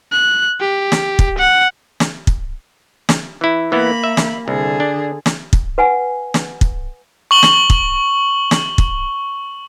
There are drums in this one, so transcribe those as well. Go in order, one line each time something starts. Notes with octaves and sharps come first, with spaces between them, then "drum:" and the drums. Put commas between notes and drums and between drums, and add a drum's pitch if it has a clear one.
F#6
G4
drum: snare
drum: kick
F#5
drum: snare
drum: kick
drum: snare
E3 E4
E3 A#3 B3 E4 B5
E5
drum: snare
C2 D3 G#4
D4
drum: snare
drum: kick
B4 F#5 G#5
drum: snare
drum: kick
C#6 F#7 G7
drum: snare
drum: kick
drum: snare
drum: kick